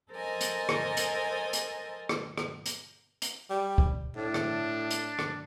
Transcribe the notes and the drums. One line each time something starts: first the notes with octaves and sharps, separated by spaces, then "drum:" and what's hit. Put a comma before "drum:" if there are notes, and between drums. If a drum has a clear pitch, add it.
A4 A#4 C5 D#5 G#5
drum: hi-hat
drum: rim click
drum: hi-hat
drum: hi-hat
drum: rim click
drum: rim click
drum: hi-hat
drum: hi-hat
G3
drum: kick
A2 D4
drum: rim click
drum: hi-hat
drum: rim click